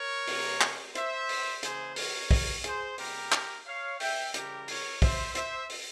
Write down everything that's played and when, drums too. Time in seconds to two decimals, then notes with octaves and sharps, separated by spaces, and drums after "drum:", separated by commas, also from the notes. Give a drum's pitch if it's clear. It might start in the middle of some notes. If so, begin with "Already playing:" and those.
Already playing: A#4 C#5
0.27 C3 F3 A#3, drum: open hi-hat
0.61 drum: clap
0.95 C5 E5, drum: hi-hat
1.29 drum: open hi-hat
1.63 C#3 E3 A#3 G#4 C5, drum: hi-hat
1.96 A#4 C#5, drum: open hi-hat
2.31 drum: kick, open hi-hat
2.64 G#4 C5, drum: hi-hat
2.98 C3 G3 A#3 G4 A#4, drum: open hi-hat
3.32 drum: clap
3.67 C#5 F5
4.00 E5 G5, drum: open hi-hat
4.34 C#3 E3 G3 G4 A#4, drum: hi-hat
4.68 A#4 C#5, drum: open hi-hat
5.02 C5 E5, drum: kick, open hi-hat
5.35 C5 E5, drum: hi-hat
5.70 drum: open hi-hat